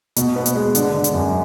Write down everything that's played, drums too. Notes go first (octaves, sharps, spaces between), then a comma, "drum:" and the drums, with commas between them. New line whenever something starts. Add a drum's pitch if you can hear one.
B2, drum: hi-hat
B3
drum: hi-hat
G#3
D3, drum: hi-hat
D3
drum: hi-hat
F#2